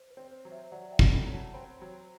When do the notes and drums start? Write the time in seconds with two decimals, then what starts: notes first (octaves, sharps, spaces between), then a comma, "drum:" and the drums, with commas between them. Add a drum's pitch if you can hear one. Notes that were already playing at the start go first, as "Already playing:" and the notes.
Already playing: C5
0.10 B4
0.17 C4
0.31 C5
0.45 F#3
0.51 C5 E5
0.72 F#3 D5 F#5
0.92 E5 G5
0.99 A3, drum: kick
1.13 G5 B5
1.26 F#3
1.33 F#5 A5
1.53 C4 G5 B5
1.81 F#3